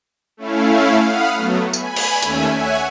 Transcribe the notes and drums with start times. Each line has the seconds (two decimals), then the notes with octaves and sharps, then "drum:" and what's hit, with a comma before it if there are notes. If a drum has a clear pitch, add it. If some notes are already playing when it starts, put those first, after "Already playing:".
0.37 A3 C#4 E4 F5
1.03 F5 F#5 B5 D#6 F6
1.34 F#3 A3 B3
1.73 G#5 B5, drum: tambourine
1.96 drum: cymbal
2.23 D#2 A3 C#4 E5 G#5, drum: hi-hat
2.55 C#5 E5 F#5 G#5 F#6 G#6